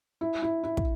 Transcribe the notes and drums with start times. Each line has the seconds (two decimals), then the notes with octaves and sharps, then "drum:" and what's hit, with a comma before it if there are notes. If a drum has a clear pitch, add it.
0.21 E4
0.42 E4
0.64 E4
0.77 drum: kick